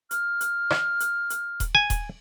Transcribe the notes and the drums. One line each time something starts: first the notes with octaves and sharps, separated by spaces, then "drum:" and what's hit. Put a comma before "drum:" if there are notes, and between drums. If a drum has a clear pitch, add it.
F6, drum: hi-hat
drum: hi-hat
drum: rim click
drum: hi-hat
drum: hi-hat
drum: kick D#1, hi-hat
G#5
drum: kick D#1, hi-hat